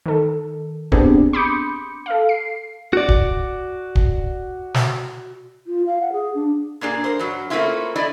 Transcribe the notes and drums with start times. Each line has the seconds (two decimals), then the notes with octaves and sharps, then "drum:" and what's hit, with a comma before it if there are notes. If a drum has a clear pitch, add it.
0.06 D#3 A4
0.92 B3 C4 D4 G4 G#4, drum: kick
1.33 B5 C6 D6 D#6 G6 C#7
2.06 A4 F5
2.29 C7
2.93 F#4 D5
3.09 drum: kick
3.95 drum: kick
4.74 drum: snare
5.67 F4
5.86 F5
6.01 F#5
6.13 G#4
6.35 D4
6.81 A#2 A#3 D4 G#4
7.04 A#4 C5
7.19 G2 F#3
7.50 A3 A#3 C4 C#4 E4 F4
7.96 D4 E4 A4 D5 D#5